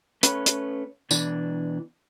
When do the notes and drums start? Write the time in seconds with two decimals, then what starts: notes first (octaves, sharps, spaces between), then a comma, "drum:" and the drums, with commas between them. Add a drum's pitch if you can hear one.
0.23 A3 C#4 B4, drum: hi-hat
0.46 drum: hi-hat
1.11 B2 E3 D4, drum: tambourine